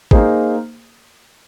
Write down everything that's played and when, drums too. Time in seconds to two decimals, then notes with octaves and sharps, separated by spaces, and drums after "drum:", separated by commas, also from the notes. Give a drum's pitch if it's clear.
0.11 A#3 D#4 G#4 C5, drum: kick